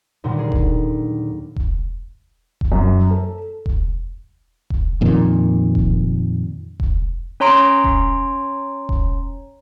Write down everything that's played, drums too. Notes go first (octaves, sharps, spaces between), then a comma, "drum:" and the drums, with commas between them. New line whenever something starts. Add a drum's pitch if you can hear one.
D#2 A#2 D3 F#3 G3
G#4
drum: kick E1
drum: kick E1
drum: kick E1
F#2
A4
drum: kick E1
drum: kick E1
F2 A#2 D#3
drum: kick E1
drum: kick E1
C#4 C#5 A#5 C6 D7
drum: kick E1
drum: kick E1